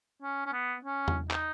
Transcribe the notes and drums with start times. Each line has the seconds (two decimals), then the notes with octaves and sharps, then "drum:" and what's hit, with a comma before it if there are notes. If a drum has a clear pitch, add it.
0.22 C#4
0.46 C#4
0.53 B3
0.85 C#4
1.08 drum: tom E2
1.31 D#4, drum: clap